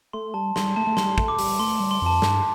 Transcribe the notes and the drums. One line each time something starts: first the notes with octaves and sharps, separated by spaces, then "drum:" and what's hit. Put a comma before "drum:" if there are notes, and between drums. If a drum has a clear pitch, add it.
A3 C6
G3 A5
G3 C6, drum: snare
A3 A5
A3
G3 C6, drum: snare
A3, drum: kick
D6
G3, drum: open hi-hat
A3 C6
G3 C6
C6
F2 A5
G2, drum: snare